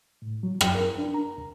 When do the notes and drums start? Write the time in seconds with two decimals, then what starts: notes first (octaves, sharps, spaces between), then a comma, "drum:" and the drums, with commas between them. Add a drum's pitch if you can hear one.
0.22 A2
0.43 F#3
0.61 G5, drum: rim click
0.75 A#4
0.98 D4
1.14 A#5
1.38 C#2